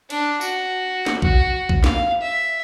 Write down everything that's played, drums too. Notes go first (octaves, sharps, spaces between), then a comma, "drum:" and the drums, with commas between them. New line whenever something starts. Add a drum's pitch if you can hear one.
D4, drum: cymbal
F#4, drum: tambourine
drum: snare
F#4, drum: kick A#1
drum: kick A#1
F5, drum: snare
E5